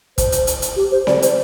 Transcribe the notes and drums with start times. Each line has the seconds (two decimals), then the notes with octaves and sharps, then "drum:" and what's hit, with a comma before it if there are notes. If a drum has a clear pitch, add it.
0.18 C5, drum: kick, hi-hat
0.32 drum: hi-hat
0.47 drum: hi-hat
0.62 drum: hi-hat
0.76 G4
0.91 C5
1.07 D5, drum: snare C4
1.22 C5, drum: hi-hat